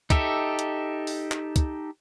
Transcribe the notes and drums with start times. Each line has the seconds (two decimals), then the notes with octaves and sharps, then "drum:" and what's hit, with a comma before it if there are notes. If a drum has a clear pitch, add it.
0.10 D#4 G4 A4 E5, drum: kick, hi-hat
0.59 drum: hi-hat
1.07 drum: open hi-hat
1.31 drum: clap
1.56 drum: kick, hi-hat